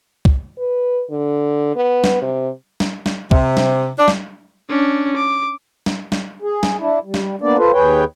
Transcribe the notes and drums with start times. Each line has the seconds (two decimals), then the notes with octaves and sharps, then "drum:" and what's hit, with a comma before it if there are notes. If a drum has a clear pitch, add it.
0.25 drum: kick C2
0.58 B4
1.10 D3
1.75 B3
2.04 drum: snare
2.22 C3
2.80 drum: snare
3.06 drum: snare
3.31 C3, drum: kick C2
3.57 drum: snare
3.98 D4
4.08 drum: snare
4.70 C#4 D4
5.16 D6
5.86 drum: snare
6.12 drum: snare
6.42 G#4
6.63 drum: snare
6.79 D4 E4
7.05 G3
7.14 drum: snare
7.41 A#3 B3 D4 D5
7.57 F4 A4 B4 C5
7.73 D#2 G#4 B4 C#5 G5